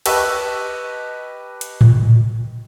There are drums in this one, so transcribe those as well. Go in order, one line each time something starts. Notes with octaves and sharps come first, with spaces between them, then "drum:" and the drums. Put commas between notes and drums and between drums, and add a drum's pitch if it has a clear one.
G4 B4 D#5 A5 C#6 E6, drum: cymbal
drum: hi-hat
drum: tom A2